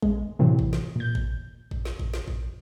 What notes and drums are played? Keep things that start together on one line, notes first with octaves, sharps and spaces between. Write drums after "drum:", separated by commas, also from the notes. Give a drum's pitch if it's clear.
G#3, drum: kick G#1
A2 C3 E3 F#3
drum: kick G#1
drum: snare
A#2 G6
drum: kick G#1
drum: kick G#1
drum: snare
drum: kick G#1
drum: snare
drum: kick G#1